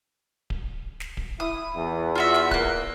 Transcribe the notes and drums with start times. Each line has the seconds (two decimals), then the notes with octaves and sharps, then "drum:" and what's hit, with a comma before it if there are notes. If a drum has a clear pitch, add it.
0.50 drum: kick D1
1.00 drum: snare
1.17 drum: kick D1
1.40 E4 D#6
1.76 E2
2.15 F4 F#4 E5
2.34 drum: snare
2.51 A#3 F#6, drum: kick D1